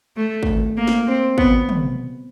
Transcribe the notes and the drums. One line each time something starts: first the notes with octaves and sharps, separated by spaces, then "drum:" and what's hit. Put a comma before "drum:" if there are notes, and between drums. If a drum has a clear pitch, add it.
A3
drum: kick G#1
A#3
drum: snare
C4
B3, drum: kick G#1
drum: tom